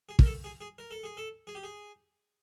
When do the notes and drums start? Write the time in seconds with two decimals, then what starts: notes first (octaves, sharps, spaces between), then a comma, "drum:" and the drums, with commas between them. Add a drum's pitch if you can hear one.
0.09 G#4
0.19 A#4, drum: kick
0.26 A4
0.44 G#4
0.61 G#4
0.78 A#4
0.91 A4
1.04 G#4
1.17 A4
1.47 G#4
1.55 G4
1.64 G#4